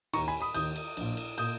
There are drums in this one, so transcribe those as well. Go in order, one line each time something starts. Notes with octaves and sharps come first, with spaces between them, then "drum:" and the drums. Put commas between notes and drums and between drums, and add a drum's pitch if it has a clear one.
D#2 D#3 A#5 C#6, drum: cymbal
G#5 B5
B5 D#6
D#2 D#3 D#6 G6, drum: cymbal
drum: cymbal
A#1 A#2, drum: cymbal
drum: cymbal
A#2 D#6 G6, drum: cymbal